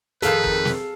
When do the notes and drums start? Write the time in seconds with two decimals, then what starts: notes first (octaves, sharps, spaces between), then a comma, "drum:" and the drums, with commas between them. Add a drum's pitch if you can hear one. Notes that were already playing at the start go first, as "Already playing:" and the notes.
0.22 F2 D#3 G#4 A4 B4 F5, drum: hi-hat
0.44 drum: kick
0.65 drum: snare